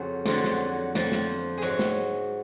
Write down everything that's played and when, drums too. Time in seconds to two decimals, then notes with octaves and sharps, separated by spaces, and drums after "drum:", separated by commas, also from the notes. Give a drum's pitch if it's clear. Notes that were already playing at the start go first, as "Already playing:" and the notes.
Already playing: F2 C#3 F#3
0.25 F2 D3 F#3, drum: snare
0.44 drum: snare
0.95 F2 F3, drum: snare
1.12 drum: snare
1.58 G#2 F#3 F#4 G#4
1.79 drum: snare